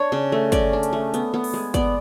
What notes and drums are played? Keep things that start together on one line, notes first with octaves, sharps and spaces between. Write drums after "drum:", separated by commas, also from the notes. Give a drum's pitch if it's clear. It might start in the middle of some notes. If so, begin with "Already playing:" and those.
Already playing: D4 C#5
C#3
A3
C#3 D5, drum: kick, hi-hat
D4
drum: hi-hat
A3
B3, drum: hi-hat
B3
drum: open hi-hat
G#3
B3 D5, drum: kick, hi-hat